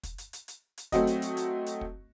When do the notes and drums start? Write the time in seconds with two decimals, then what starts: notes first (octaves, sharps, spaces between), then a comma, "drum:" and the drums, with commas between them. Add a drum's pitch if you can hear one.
0.03 drum: kick, hi-hat
0.18 drum: hi-hat
0.33 drum: hi-hat
0.48 drum: hi-hat
0.78 drum: hi-hat
0.92 F#3 A3 C4 F#4 D#5, drum: kick, hi-hat
1.07 drum: hi-hat
1.22 drum: hi-hat
1.37 drum: hi-hat
1.66 drum: hi-hat
1.81 drum: kick